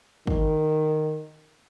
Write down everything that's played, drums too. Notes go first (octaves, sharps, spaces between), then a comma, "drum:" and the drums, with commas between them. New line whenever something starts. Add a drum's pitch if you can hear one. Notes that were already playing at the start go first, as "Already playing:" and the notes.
D#3, drum: kick